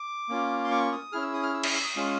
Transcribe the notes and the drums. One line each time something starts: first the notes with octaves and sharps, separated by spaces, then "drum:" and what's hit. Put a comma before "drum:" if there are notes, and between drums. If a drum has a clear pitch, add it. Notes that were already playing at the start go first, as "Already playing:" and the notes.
Already playing: D6
A#3 C#4 F4
C6
C#6
D#6
C#4 E4 G#4 F6
E6
D#6
F6
E6
F6, drum: cymbal
E6
D#6
G#3 C#4 F4